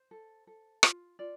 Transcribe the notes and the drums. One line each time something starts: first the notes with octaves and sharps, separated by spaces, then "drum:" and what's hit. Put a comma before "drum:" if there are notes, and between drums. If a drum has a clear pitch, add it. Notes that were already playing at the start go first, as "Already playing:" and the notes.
Already playing: C5
A4
A4
F4, drum: rim click
F4 D5